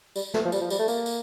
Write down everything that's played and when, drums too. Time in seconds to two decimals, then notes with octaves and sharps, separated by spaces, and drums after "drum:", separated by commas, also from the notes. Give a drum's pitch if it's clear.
0.16 G3, drum: tambourine
0.34 A3, drum: snare
0.45 F3
0.52 G3, drum: tambourine
0.61 F3
0.70 G3, drum: tambourine
0.79 A3
0.88 A#3, drum: tambourine
1.06 drum: tambourine